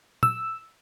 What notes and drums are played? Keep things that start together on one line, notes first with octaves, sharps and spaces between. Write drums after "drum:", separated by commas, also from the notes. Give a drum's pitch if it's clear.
E6, drum: tom